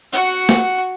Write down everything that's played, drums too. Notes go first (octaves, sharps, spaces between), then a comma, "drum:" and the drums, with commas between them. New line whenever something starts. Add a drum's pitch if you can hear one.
F#4 F#5
drum: snare